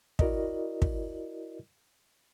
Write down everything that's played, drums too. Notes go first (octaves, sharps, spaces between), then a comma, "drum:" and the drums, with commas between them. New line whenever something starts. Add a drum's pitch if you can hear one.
E4 F#4 A#4 D5 D#5, drum: kick
drum: kick